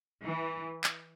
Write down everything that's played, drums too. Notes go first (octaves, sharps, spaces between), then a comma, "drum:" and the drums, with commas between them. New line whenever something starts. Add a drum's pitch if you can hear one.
E3
drum: clap